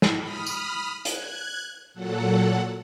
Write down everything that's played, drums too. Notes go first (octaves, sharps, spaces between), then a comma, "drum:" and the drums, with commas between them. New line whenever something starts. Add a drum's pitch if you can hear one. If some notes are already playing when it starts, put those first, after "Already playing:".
drum: snare
B5 D#6 F6
drum: tambourine
F#6 G#6, drum: hi-hat
A#2 F#3 A4 F#5